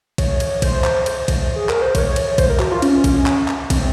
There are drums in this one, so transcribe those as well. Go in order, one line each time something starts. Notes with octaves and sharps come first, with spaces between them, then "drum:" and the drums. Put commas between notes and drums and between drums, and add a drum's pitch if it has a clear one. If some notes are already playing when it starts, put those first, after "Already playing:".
C#5, drum: kick, cymbal
drum: cymbal
C5, drum: kick, cymbal
drum: clap
drum: cymbal
drum: kick, cymbal
G#4
A#4, drum: clap
C5
C#5, drum: kick, cymbal
drum: cymbal
C5, drum: kick, cymbal
A#4
F#4, drum: clap
F4
C#4, drum: cymbal
drum: kick, cymbal
drum: clap
drum: clap
C4, drum: kick, cymbal